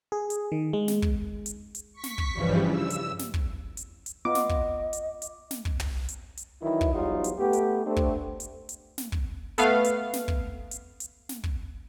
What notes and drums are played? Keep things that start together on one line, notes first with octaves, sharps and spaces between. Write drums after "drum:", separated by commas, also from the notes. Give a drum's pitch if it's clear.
G#4
drum: hi-hat
D#3
G#3
drum: snare
drum: kick
drum: hi-hat
drum: hi-hat
C#6 B6
drum: snare
drum: kick
G2 C#3 E3 F3 G3
E6
drum: hi-hat
drum: snare
drum: kick
drum: hi-hat
drum: hi-hat
B3 F4 D#5 D6
drum: snare
drum: kick
drum: hi-hat
drum: hi-hat
drum: snare
drum: kick
drum: tom
drum: hi-hat
drum: hi-hat
D#3 E3 F#3 E4
drum: kick
E2 G#2 F#3 G3 D#4 F4
drum: hi-hat
A3 B3 G4
drum: hi-hat
A3 C4 D4
drum: kick
drum: hi-hat
drum: hi-hat
drum: snare
drum: kick
A3 B3 F5, drum: hi-hat
drum: hi-hat
drum: snare
drum: kick
drum: hi-hat
drum: hi-hat
drum: snare
drum: kick